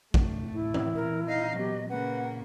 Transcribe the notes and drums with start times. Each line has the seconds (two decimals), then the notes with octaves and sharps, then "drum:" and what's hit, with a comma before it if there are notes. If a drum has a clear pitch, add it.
0.14 F#2 A3, drum: kick A1
0.54 A2 E4
0.74 drum: tom E3
0.95 A#2 E3 A#4
1.27 D#4 D#5 F5
1.57 F#3 B3 G4
1.89 C#3 A#3 B4 F#5